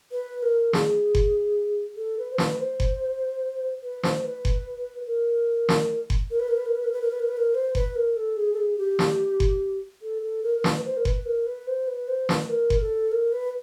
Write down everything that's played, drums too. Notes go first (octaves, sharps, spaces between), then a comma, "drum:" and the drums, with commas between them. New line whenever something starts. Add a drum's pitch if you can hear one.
B4
A#4
G#4, drum: snare
drum: kick F#1
A4
B4
C5
B4, drum: snare
C5
drum: kick F#1
B4
C5, drum: snare
B4
drum: kick F#1
A#4
drum: snare
drum: kick F#1
A#4
B4
A#4
B4
A#4
B4
A#4
B4
A#4
B4
A#4
B4
A#4
C5
B4, drum: kick F#1
A#4
A4
G#4
A4
G#4
G4
drum: snare
drum: kick F#1
A4
A4
A#4
A#4
B4, drum: snare
B4
C5
A#4
B4, drum: kick F#1
A#4
B4
C5
B4
C5
B4, drum: snare
A#4
drum: kick F#1
A4
A#4
B4